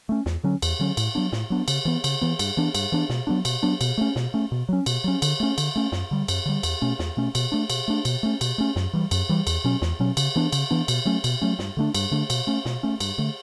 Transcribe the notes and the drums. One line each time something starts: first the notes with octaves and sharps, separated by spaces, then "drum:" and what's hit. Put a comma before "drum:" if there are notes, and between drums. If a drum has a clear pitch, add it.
A3 C#4
E2, drum: snare
D3 F#3 C#4
E2, drum: cymbal
D3 F#3 C#4
A2, drum: cymbal
F#3 B3 D4
A2, drum: snare
F#3 B3 D4
C#3, drum: cymbal
E3 B3
C#3, drum: cymbal
E3 B3
G2, drum: cymbal
E3 B3 D4
G2, drum: cymbal
E3 B3 D4
B2, drum: snare
F#3 B3 D4
B2, drum: cymbal
F#3 B3 D4
B2, drum: cymbal
A3 C#4
B2, drum: snare
A3 C#4
B2
F#3 C#4
B2, drum: cymbal
F#3 C#4
D3, drum: cymbal
A3 C#4
D3, drum: cymbal
A3 C#4
F#2, drum: snare
D3 G3
F#2, drum: cymbal
D3 G3
E2, drum: cymbal
B2 A3 C#4
E2, drum: snare
B2 A3 C#4
B2, drum: cymbal
A3 D4
B2, drum: cymbal
A3 D4
B2, drum: cymbal
A3 C#4
B2, drum: cymbal
A3 C#4
F#2, drum: snare
E3 G3
F#2, drum: cymbal
E3 G3
E2, drum: cymbal
B2 F#3 C#4
E2, drum: snare
B2 F#3 C#4
C#3, drum: cymbal
E3 B3 D4
C#3, drum: cymbal
E3 B3 D4
B2, drum: cymbal
F#3 A3 C#4
B2, drum: cymbal
F#3 A3 C#4
G2, drum: snare
D3 A3 D4
G2, drum: cymbal
D3 A3 D4
B2, drum: cymbal
A3 C#4
B2, drum: snare
A3 C#4
G2, drum: cymbal
D3 A3